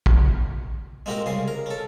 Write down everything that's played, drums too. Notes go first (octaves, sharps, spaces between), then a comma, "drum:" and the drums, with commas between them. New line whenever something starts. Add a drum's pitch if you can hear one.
drum: kick
G#3 A#3 C4 F#4 G4 A#4
C2 C#3 G#4 C6
A#4
C#4 A4